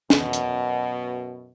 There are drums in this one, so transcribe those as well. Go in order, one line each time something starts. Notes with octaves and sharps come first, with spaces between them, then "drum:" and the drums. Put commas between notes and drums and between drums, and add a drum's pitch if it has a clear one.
F#2 B2, drum: snare
drum: hi-hat